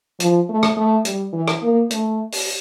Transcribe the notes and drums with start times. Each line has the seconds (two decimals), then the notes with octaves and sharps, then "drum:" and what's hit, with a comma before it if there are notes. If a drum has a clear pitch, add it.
0.20 F3, drum: hi-hat
0.49 A3
0.63 drum: rim click
0.77 A3
1.05 G3, drum: hi-hat
1.33 E3
1.48 drum: rim click
1.62 A#3
1.91 A3, drum: hi-hat
2.32 drum: open hi-hat